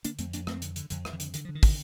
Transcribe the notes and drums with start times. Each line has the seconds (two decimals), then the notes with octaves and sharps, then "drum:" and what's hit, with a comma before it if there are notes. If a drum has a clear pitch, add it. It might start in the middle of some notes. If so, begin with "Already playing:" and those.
0.04 D3 A#3 D4, drum: hi-hat
0.19 F2 A3 C4, drum: hi-hat
0.33 F2 A#3 D4, drum: hi-hat
0.47 F2 A3 C4, drum: rim click
0.62 D3, drum: hi-hat
0.76 D3, drum: hi-hat
0.90 F2 D3, drum: hi-hat
1.05 F2, drum: rim click
1.13 D#3
1.20 D3, drum: hi-hat
1.34 D3 D#3, drum: hi-hat
1.45 D3 F3
1.55 D#3
1.63 D3, drum: kick, open hi-hat